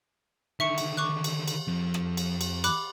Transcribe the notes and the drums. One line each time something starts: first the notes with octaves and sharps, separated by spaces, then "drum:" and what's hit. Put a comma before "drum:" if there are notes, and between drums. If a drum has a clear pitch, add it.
D3 D#3 E5 C#6 C#7
drum: cymbal
C#6 D6 F#6
drum: cymbal
drum: cymbal
F2
drum: rim click
drum: cymbal
drum: cymbal
B5 D6 F#6, drum: cymbal